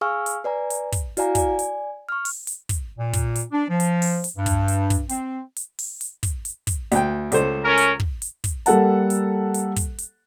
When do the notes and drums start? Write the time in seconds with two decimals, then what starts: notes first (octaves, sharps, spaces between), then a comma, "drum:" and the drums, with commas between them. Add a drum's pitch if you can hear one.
0.01 G#4 F5 G#5 C#6 E6 F6
0.26 drum: hi-hat
0.44 B4 D5 G#5 A#5
0.70 drum: hi-hat
0.92 drum: kick, hi-hat
1.17 E4 F#4 D5 F5 G#5 A#5, drum: hi-hat
1.35 D5 G#5, drum: kick, hi-hat
1.59 drum: hi-hat
2.09 C#6 F6
2.25 drum: open hi-hat
2.47 drum: hi-hat
2.69 drum: kick, hi-hat
2.97 A#2
3.13 drum: kick, hi-hat
3.35 drum: hi-hat
3.52 D4
3.70 F3
3.80 drum: hi-hat
4.02 drum: open hi-hat
4.24 drum: hi-hat
4.37 G2
4.46 drum: kick, hi-hat
4.68 drum: hi-hat
4.90 drum: kick, hi-hat
5.09 C4, drum: hi-hat
5.56 drum: hi-hat
5.79 drum: open hi-hat
6.01 drum: hi-hat
6.23 drum: kick, hi-hat
6.45 drum: hi-hat
6.67 drum: kick, hi-hat
6.92 D2 G5, drum: hi-hat
7.32 C#2 A3 C5, drum: hi-hat
7.64 C#4 A#4
7.77 drum: hi-hat
8.00 drum: kick
8.22 drum: hi-hat
8.44 drum: kick, hi-hat
8.66 G3 A#3 A4 F#5 A5, drum: hi-hat
9.10 drum: hi-hat
9.54 drum: hi-hat
9.76 drum: kick, hi-hat
9.98 drum: hi-hat